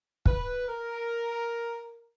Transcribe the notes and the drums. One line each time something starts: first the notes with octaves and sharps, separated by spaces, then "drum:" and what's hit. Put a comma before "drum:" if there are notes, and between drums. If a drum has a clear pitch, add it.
B4, drum: kick
A#4